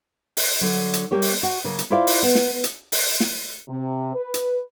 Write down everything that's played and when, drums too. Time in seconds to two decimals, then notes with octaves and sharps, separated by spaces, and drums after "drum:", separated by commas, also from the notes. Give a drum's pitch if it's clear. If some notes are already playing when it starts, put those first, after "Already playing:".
0.37 drum: open hi-hat
0.61 D3 F#3
0.93 drum: hi-hat
1.11 G3 A#3 G4 C#5
1.22 drum: open hi-hat
1.43 F#4
1.64 C#3 F#3 A#3
1.79 drum: hi-hat
1.90 E4 F4 C5 D5 E5 F5
2.07 drum: open hi-hat
2.23 B3
2.35 drum: snare
2.64 drum: hi-hat
2.92 drum: open hi-hat
3.20 drum: snare
3.68 C3
4.14 B4
4.34 drum: hi-hat